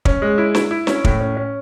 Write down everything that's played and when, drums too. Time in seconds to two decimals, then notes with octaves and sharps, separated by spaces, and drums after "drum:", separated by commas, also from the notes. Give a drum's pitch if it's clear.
0.05 C#4, drum: kick
0.22 G#3
0.38 E4
0.55 E4, drum: snare
0.71 E4
0.87 C#4, drum: snare
1.05 A2, drum: kick
1.21 C#4
1.37 C#4